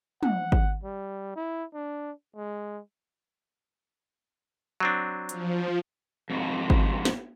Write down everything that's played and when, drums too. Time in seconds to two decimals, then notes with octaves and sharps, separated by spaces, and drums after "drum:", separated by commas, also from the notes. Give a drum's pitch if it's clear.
0.23 F#5, drum: tom
0.52 drum: kick G#1
0.83 G3
1.36 E4
1.74 D4
2.36 G#3
4.80 F#3 C4 D4
5.29 F3, drum: hi-hat
6.30 F2 G#2 C3
6.70 drum: kick G#1
7.05 drum: snare